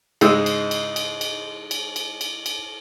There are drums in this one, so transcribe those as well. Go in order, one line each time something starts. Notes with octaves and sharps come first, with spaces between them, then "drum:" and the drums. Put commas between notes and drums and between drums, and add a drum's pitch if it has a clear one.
G#2 C#3 G#3 D#4 G5 E6, drum: cymbal
drum: cymbal
drum: cymbal
drum: cymbal
drum: cymbal
drum: cymbal
drum: cymbal
drum: cymbal
drum: cymbal